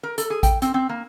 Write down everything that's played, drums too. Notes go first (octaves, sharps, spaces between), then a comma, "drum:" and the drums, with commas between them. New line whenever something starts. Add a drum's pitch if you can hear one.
A#4
A4, drum: hi-hat
G#4
G5, drum: kick A1, hi-hat
C4, drum: hi-hat
C4
A#3